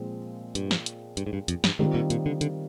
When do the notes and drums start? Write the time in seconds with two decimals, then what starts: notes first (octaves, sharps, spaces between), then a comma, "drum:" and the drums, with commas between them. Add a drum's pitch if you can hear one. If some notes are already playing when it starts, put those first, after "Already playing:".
Already playing: A#2 F3 G#3 C4
0.55 G2, drum: hi-hat
0.71 drum: snare
0.86 drum: hi-hat
1.17 G2, drum: hi-hat
1.26 G#2
1.33 G2
1.48 F2, drum: hi-hat
1.64 G2, drum: snare
1.79 G#2 D#3 G3 C4 F4
1.94 A#2
2.10 A#2, drum: hi-hat
2.26 D3
2.41 D3, drum: hi-hat